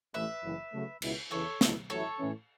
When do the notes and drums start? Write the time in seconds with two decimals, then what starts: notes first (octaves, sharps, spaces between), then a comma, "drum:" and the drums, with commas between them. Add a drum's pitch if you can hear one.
0.14 A1 A2 E3 A3 B4 E5
0.43 F#1 F#2 E3
0.73 C#3 F#3 A3
1.02 C#2 B2 B3 E4 B4, drum: cymbal
1.31 E2 C#3 E3 A4 C#5
1.61 C#2 B2 A3 E4, drum: snare
1.90 A1 A2 F#3 A3 E4 A4 C#5
2.19 A2 E3 C#4